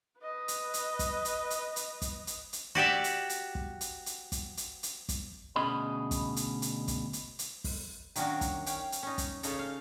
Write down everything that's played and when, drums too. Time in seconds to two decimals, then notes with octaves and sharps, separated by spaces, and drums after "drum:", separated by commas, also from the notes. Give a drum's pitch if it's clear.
0.19 B4 D#5
0.48 drum: hi-hat
0.74 drum: hi-hat
0.99 drum: kick, hi-hat
1.25 drum: hi-hat
1.50 drum: hi-hat
1.76 drum: hi-hat
2.02 drum: kick, hi-hat
2.27 drum: hi-hat
2.53 drum: hi-hat
2.75 F#4 G4 D5 E5
3.04 drum: hi-hat
3.29 drum: hi-hat
3.55 drum: kick
3.81 drum: hi-hat
4.06 drum: hi-hat
4.32 drum: kick, hi-hat
4.57 drum: hi-hat
4.83 drum: hi-hat
5.09 drum: kick, hi-hat
5.56 D2 B2 C#4 G#4 D#5 B5
6.11 drum: kick, hi-hat
6.36 drum: hi-hat
6.62 drum: hi-hat
6.88 drum: kick, hi-hat
7.13 drum: hi-hat
7.39 drum: hi-hat
7.64 drum: kick, open hi-hat
8.16 D#3 F#3 A#3 C#4 D4 F#4, drum: hi-hat
8.41 drum: kick, hi-hat
8.66 C#4 F5 G5, drum: hi-hat
8.92 drum: hi-hat
9.03 C#4 D#4
9.18 drum: kick, hi-hat
9.43 C#3 C#4 D#4 A4 A#5, drum: hi-hat
9.59 F5